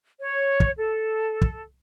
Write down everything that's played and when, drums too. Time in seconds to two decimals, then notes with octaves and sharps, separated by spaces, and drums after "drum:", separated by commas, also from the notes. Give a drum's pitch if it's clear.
0.19 C#5
0.60 drum: kick
0.77 A4
1.42 drum: kick